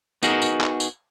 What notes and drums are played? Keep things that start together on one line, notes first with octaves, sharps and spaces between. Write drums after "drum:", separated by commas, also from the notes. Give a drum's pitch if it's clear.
B3 D#4 F#4 G#4 A#4, drum: tambourine
drum: tambourine
drum: clap
drum: tambourine